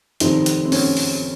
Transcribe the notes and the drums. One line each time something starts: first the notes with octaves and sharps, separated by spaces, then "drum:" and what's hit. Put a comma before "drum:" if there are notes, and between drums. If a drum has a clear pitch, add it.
F1 F2 D#3 C4 D#4, drum: hi-hat
drum: hi-hat
C4
C#4, drum: open hi-hat
drum: open hi-hat